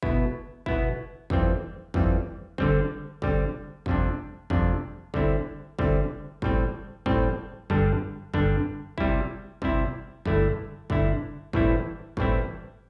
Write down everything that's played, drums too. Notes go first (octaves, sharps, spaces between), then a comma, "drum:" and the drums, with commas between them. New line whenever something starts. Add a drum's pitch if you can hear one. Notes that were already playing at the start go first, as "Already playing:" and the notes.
B2 B3 E4, drum: kick
B2 B3 E4, drum: kick
F2 E3 G3 C4, drum: kick
F2 E3 G3 C4, drum: kick
D3 G3 C4, drum: kick
D3 G3 C4, drum: kick
F2 C3 G3 D4, drum: kick
F2 C3 G3 D4, drum: kick
D3 G3 C4 E4, drum: kick
D3 G3 C4 E4, drum: kick
A2 G3 C4, drum: kick
A2 G3 C4, drum: kick
G2 D3 G3 D4, drum: kick
G2 D3 G3 D4, drum: kick
C3 G3 C4 E4, drum: kick
C3 G3 C4 E4, drum: kick
G2 D3 A3 E4, drum: kick
G2 D3 A3 E4, drum: kick
A2 E3 G3 C4 E4, drum: kick
A2 E3 G3 C4 E4, drum: kick